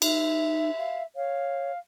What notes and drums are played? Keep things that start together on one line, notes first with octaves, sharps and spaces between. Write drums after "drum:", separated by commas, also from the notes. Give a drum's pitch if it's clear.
D#4 E5, drum: cymbal
F5
C#5 F5